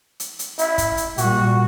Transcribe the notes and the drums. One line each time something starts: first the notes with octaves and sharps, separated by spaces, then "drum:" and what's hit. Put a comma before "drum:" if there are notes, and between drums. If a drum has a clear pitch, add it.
drum: hi-hat
drum: hi-hat
E4, drum: hi-hat
drum: kick, hi-hat
drum: hi-hat
A#2 G3 F#4, drum: hi-hat